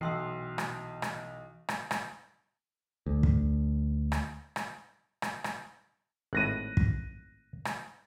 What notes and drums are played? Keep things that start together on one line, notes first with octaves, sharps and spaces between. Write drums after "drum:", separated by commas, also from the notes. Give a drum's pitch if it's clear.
B1 B2 E3 G5 C6 D#6 E6 C7
drum: rim click
drum: rim click
drum: rim click
drum: rim click
D2
drum: kick
drum: rim click
drum: rim click
drum: rim click
drum: rim click
G#1 A2 F#6 A#6 D#7
drum: kick
drum: rim click